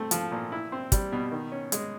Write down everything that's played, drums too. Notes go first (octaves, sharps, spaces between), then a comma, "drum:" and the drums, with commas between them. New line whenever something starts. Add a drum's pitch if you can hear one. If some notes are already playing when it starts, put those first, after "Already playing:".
Already playing: A3 C4
F3, drum: hi-hat
A#2
E4
C4
G3, drum: kick, hi-hat
B2
D#3
C#4
G#3, drum: hi-hat